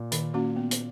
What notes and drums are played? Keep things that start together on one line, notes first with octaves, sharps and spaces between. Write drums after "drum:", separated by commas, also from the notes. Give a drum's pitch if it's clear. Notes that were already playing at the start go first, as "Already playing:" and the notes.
Already playing: A#2
D#3, drum: hi-hat
A#3 C#4 F#4
B3
drum: hi-hat